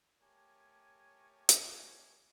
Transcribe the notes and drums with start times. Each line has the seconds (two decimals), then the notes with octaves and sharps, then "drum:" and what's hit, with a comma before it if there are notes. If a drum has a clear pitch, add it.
0.20 A3 G4 A#4 C#5 G#5 A5
1.49 drum: hi-hat